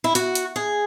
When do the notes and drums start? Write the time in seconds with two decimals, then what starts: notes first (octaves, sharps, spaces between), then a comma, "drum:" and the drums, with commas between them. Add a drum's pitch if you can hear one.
0.04 E4
0.15 F#4, drum: hi-hat
0.35 drum: hi-hat
0.56 G#4